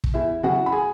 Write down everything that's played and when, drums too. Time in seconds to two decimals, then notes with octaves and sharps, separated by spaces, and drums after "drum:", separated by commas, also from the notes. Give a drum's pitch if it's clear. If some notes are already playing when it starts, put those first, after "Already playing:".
0.04 drum: kick
0.14 E2 E4 E5
0.43 C#3 F#3 E4 F#4 F#5
0.66 B5
0.72 G#4 G#5